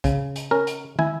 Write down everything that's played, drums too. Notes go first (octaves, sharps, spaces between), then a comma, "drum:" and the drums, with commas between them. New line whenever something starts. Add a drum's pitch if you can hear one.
C#3, drum: kick, hi-hat
drum: hi-hat
C#4 A#4
drum: hi-hat
E4 G#5, drum: tom